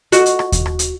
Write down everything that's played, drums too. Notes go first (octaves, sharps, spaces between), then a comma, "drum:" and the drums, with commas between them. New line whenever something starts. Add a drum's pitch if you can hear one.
F#4 D#5, drum: hi-hat
drum: hi-hat
drum: rim click
drum: kick D#2, hi-hat
drum: rim click
drum: hi-hat